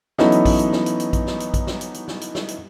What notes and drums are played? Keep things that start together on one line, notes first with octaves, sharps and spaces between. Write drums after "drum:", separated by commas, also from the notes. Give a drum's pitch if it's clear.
E3 F#3 B3 C#4 D#4 A4, drum: snare
drum: hi-hat
drum: kick A#1, open hi-hat
drum: hi-hat
drum: snare
drum: hi-hat
drum: hi-hat
drum: kick A#1, hi-hat
drum: snare
drum: hi-hat
drum: kick A#1, hi-hat
drum: snare
drum: hi-hat
drum: hi-hat
drum: snare
drum: hi-hat
drum: snare
drum: hi-hat